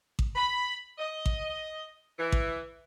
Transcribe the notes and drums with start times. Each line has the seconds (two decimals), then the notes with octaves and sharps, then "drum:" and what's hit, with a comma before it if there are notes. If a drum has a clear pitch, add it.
0.19 drum: kick A1
0.36 B5
0.99 D#5
1.26 drum: kick A1
2.19 E3
2.32 drum: kick A1